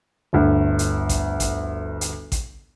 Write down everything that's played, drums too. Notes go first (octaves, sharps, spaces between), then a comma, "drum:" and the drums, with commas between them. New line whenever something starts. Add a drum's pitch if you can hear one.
G1 D2
drum: hi-hat
drum: kick A1, hi-hat
drum: kick A1, hi-hat
drum: hi-hat
drum: kick A1, hi-hat